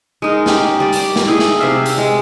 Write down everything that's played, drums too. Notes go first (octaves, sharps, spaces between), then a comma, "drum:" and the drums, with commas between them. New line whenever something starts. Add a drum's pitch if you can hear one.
G#3 D#4 A#4
C#4 G4, drum: snare
G3 D5
drum: hi-hat
drum: snare
D#4 E4 G#4
drum: snare
C3 E5 F5
drum: hi-hat
G#3